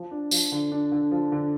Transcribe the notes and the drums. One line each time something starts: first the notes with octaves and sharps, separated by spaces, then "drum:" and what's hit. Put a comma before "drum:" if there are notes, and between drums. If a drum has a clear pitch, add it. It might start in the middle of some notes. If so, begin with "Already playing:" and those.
Already playing: F3
D4
F3, drum: tambourine
D3
D4
D3
F3
D3